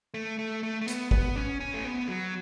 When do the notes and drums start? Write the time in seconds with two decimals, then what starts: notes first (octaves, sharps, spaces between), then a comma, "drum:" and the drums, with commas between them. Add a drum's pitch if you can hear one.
0.14 A3
0.39 A3
0.63 A3
0.81 A3
0.88 B3, drum: hi-hat
1.11 B3, drum: kick
1.36 C#4
1.60 C#4
1.74 A3
1.84 B3
2.08 F#3